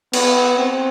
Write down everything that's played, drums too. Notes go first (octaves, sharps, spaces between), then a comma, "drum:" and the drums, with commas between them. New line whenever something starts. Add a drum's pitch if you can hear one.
B3, drum: cymbal
C4